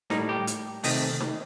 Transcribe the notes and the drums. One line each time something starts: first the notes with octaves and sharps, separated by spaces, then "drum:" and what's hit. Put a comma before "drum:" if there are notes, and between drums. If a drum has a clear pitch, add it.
A2 G3 A#3 D#4, drum: snare D#4
G4
drum: hi-hat
C3 D#3 A3 C4 D#5, drum: open hi-hat
drum: snare D#4